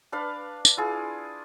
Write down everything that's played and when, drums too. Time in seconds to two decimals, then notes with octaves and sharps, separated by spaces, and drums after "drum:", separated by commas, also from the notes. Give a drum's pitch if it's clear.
0.12 D4 B4 F5
0.65 drum: tambourine
0.77 E4 F4 G#4